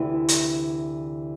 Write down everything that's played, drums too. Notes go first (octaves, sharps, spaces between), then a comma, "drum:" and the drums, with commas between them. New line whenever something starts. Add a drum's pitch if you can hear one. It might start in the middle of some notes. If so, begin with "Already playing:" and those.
Already playing: D2 C3 E3
drum: hi-hat